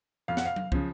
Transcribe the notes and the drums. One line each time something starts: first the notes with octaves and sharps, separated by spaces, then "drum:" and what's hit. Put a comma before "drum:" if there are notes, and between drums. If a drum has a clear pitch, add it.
F2 F5
F#5, drum: snare
F5
drum: tom F#3
C#3 F3, drum: kick